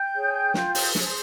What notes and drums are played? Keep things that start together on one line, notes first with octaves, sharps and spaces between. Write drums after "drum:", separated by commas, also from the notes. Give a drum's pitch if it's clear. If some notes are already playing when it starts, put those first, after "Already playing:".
Already playing: G5 G6
G#4 C#5
F4, drum: snare
drum: open hi-hat
G#4 C5, drum: snare